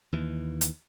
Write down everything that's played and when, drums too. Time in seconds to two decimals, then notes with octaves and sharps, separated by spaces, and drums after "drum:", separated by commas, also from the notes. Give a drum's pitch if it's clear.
0.13 D#2 E3
0.61 drum: hi-hat